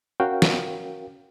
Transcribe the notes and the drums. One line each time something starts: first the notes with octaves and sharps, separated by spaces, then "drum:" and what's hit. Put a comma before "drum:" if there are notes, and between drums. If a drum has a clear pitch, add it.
C#4 F#4 A#4 F5 G5
drum: snare